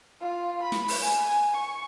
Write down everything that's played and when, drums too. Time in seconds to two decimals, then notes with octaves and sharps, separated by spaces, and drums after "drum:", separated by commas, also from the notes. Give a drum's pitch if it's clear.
0.21 F4
0.63 B5
0.72 drum: snare
0.88 drum: open hi-hat
1.02 G#5
1.54 C#6